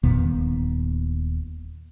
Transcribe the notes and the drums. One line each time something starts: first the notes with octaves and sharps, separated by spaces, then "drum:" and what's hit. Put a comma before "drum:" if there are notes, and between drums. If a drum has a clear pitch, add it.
D#1 A#2 D#3 B3, drum: kick E2